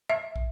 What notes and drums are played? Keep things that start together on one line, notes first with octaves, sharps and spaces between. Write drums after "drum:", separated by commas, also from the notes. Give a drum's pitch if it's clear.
E5
drum: kick